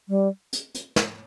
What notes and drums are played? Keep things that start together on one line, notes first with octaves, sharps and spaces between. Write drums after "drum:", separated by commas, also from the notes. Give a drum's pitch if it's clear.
G3
drum: hi-hat
drum: hi-hat
drum: snare